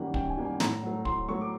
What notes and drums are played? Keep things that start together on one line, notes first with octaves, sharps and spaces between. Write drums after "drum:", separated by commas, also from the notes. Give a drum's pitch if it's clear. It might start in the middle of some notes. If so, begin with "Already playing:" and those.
Already playing: F#2 D#3 G3 A#3 F#5
F#2 G5, drum: kick
G#5
D#3 G3 A#3
G#5
A2 A#5, drum: snare
F#3 A3
A2 C6, drum: kick
F#3 A3 C#6
D6